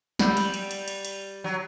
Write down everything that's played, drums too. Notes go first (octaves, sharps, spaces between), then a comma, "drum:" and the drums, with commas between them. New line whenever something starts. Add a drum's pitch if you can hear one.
G3 F#5 B5 E6 G6, drum: snare
drum: cymbal
drum: cymbal
drum: cymbal
drum: cymbal
drum: cymbal
F#3